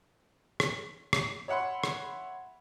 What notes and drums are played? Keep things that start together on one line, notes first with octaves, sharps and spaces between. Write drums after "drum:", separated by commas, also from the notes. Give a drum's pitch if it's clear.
drum: rim click
drum: rim click
C#5 E5 F#5 B5 C6
drum: rim click